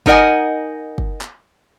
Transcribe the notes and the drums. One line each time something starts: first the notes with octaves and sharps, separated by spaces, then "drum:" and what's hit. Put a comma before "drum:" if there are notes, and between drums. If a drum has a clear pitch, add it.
B3 D#4 A#4 D#5 F#5 G#5, drum: kick
drum: kick
drum: clap